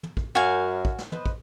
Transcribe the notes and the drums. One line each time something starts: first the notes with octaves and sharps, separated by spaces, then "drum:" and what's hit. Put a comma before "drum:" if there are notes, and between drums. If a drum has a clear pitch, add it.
drum: tom
drum: kick
F#2 F#4 F5 G#5
drum: kick
drum: snare
B4 C5 D#5, drum: tom
drum: kick